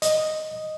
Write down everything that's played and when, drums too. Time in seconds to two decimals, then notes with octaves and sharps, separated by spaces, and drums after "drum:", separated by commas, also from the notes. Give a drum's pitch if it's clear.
0.02 D#5, drum: hi-hat